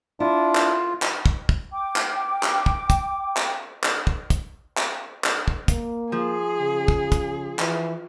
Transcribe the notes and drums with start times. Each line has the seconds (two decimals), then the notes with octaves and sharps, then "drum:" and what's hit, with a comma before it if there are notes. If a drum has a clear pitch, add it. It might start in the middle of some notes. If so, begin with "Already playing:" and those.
0.20 D4 E4 F4
0.55 drum: clap
1.02 drum: clap
1.26 drum: kick
1.49 drum: kick
1.72 G5 D6
1.96 drum: clap
2.43 drum: clap
2.66 drum: kick
2.90 drum: kick, hi-hat
3.37 drum: clap
3.83 drum: clap
4.07 drum: kick
4.30 drum: kick, hi-hat
4.77 drum: clap
5.24 drum: clap
5.48 drum: kick
5.68 A#3, drum: kick, hi-hat
6.12 F3 G#4
6.60 C#3
6.88 drum: kick
7.12 drum: kick, hi-hat
7.59 E3, drum: clap